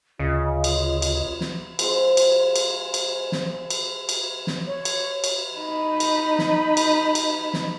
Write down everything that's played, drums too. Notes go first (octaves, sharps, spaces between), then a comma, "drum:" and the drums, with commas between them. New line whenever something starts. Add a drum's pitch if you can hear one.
D2 C#3 F4 D#5
drum: cymbal
drum: cymbal
drum: snare
F3 G#3 C4, drum: cymbal
drum: cymbal
drum: cymbal
drum: cymbal
drum: snare
drum: cymbal
drum: cymbal
drum: snare
C#5
drum: cymbal
drum: cymbal
D#4 B5
drum: cymbal
drum: snare
drum: cymbal
drum: cymbal
drum: snare